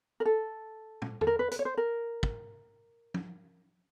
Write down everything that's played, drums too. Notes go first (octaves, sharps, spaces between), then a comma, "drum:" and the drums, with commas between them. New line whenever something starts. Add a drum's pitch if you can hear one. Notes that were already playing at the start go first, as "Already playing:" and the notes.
A#4
A4
drum: tom
A4, drum: tom E2
A#4
B4
B4, drum: hi-hat
C#5
C5
A#4
drum: kick
drum: tom